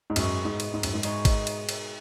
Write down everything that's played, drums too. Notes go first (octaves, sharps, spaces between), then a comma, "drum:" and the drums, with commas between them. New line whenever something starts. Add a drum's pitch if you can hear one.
G#2
F#2 B2 G#3 D#4, drum: cymbal
G#2
drum: cymbal
G#2
F#2, drum: cymbal
G#2
B2 G#3 D#4, drum: cymbal
drum: kick G#1, cymbal
drum: cymbal
drum: cymbal